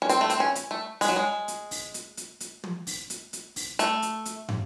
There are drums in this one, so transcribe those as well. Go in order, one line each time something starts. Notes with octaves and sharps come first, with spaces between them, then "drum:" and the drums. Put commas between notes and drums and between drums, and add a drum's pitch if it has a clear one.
C#4
C4, drum: hi-hat
A3
C4, drum: hi-hat
C#4
drum: hi-hat
A3
G#3, drum: open hi-hat
F#3
G#3
drum: hi-hat
drum: open hi-hat
drum: hi-hat
drum: hi-hat
drum: hi-hat
drum: tom
drum: open hi-hat
drum: hi-hat
drum: hi-hat
drum: open hi-hat
A3, drum: hi-hat
drum: hi-hat
drum: hi-hat
drum: tom